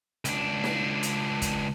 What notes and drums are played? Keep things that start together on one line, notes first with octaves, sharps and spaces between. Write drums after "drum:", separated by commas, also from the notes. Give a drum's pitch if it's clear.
C#2 D4, drum: hi-hat
drum: snare
drum: hi-hat
drum: kick, hi-hat